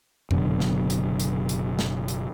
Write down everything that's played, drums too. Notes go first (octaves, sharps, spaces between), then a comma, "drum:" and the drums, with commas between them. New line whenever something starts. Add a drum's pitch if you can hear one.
F#1 B2 D3 F#3, drum: tom F2
drum: snare
drum: hi-hat
drum: hi-hat
drum: hi-hat
drum: snare
drum: hi-hat